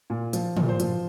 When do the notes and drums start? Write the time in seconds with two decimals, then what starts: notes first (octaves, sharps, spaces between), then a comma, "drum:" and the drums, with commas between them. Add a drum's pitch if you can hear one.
0.10 A#2
0.33 F3, drum: hi-hat
0.57 A#2, drum: tom
0.69 C5
0.80 F3, drum: hi-hat